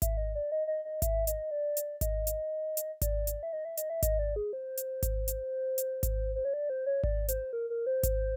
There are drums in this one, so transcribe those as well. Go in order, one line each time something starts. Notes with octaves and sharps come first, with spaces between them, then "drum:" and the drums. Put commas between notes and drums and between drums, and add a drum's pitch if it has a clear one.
E5, drum: kick G#1, hi-hat
D#5
D5
D#5
D#5
D#5
E5, drum: kick G#1, hi-hat
D#5, drum: hi-hat
D5
drum: hi-hat
D#5, drum: kick G#1, hi-hat
drum: hi-hat
drum: hi-hat
D5, drum: kick G#1, hi-hat
drum: hi-hat
E5
D#5
E5
D#5, drum: hi-hat
E5
D#5, drum: kick G#1, hi-hat
D5
G#4
C5
drum: hi-hat
drum: kick G#1, hi-hat
drum: hi-hat
drum: hi-hat
drum: kick G#1, hi-hat
C5
C#5
D5
C5
C#5
D5, drum: kick G#1
C5, drum: hi-hat
A#4
A#4
C5
drum: kick G#1, hi-hat